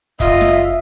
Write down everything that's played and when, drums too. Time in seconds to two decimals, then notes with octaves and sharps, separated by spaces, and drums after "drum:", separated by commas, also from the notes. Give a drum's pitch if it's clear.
0.20 F#1 F4 D#5 E5, drum: kick, hi-hat
0.41 drum: snare